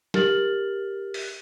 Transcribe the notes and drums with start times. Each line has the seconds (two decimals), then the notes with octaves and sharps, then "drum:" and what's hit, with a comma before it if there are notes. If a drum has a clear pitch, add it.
0.14 G4 A#4 F6 A6 F#7, drum: snare
1.14 drum: open hi-hat